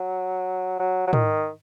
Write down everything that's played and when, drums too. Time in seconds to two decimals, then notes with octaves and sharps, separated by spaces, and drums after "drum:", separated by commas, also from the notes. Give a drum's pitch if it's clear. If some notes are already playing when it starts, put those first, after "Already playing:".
Already playing: F#3
0.79 F#3
1.07 F#3
1.13 D#3, drum: tom